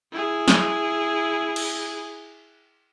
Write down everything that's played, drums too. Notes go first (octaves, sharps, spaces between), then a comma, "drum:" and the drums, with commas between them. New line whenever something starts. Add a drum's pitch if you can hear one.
E4 G#4
drum: snare
drum: cymbal